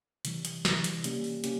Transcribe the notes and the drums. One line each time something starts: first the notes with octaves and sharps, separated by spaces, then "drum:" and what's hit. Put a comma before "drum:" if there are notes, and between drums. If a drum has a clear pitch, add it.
C3 E3 G3, drum: hi-hat
drum: hi-hat
C3 E3 G3, drum: snare
drum: hi-hat
C3 G3 A#3 C#4 G4, drum: hi-hat
drum: open hi-hat
C3 G3 A#3 C#4 G4, drum: hi-hat